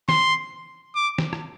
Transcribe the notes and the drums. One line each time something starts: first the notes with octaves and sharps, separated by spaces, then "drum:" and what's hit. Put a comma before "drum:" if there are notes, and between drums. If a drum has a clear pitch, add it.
C6, drum: snare
D6
drum: snare
drum: rim click